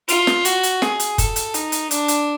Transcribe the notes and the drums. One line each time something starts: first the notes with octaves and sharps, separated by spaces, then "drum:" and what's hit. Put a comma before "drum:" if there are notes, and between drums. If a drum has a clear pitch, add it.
F4, drum: hi-hat
drum: snare
F#4, drum: hi-hat
drum: hi-hat
G#4, drum: snare
drum: hi-hat
A4, drum: kick, hi-hat
drum: hi-hat
D#4, drum: hi-hat
drum: hi-hat
D4, drum: hi-hat
drum: hi-hat